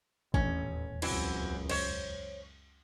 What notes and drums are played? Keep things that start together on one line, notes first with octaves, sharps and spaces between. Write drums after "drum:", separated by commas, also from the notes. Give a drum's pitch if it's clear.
D#1 A1 E2 C#4, drum: kick
C#2 F#2 E3 F#3 C4, drum: cymbal
C5 C#5, drum: cymbal